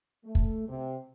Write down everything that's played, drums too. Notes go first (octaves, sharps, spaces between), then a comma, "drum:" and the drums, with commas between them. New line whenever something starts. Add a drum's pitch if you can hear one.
A3
drum: kick
C3